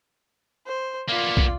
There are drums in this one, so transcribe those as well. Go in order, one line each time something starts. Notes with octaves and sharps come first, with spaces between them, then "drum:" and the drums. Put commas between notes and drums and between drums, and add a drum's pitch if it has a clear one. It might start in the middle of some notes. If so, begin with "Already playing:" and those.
C5
A#3 B3 F4 D5
drum: kick